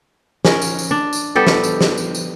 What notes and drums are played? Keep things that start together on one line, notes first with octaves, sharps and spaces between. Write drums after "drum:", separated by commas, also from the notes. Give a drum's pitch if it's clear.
C#4 A#4, drum: snare
drum: tambourine
drum: tambourine
D4
drum: tambourine
G3 B3 G4 A4
drum: snare
drum: tambourine
drum: snare
drum: tambourine
drum: tambourine